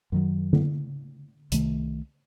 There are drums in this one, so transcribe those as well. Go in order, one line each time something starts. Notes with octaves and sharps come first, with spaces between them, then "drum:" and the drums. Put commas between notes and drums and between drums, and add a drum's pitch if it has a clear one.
F#2 D#3 F#3
drum: tom D3
C2 C3 D#3 A3, drum: hi-hat